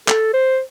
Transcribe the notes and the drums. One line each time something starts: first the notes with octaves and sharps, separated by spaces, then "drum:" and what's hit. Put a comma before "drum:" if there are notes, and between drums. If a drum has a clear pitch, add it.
A4, drum: clap
C5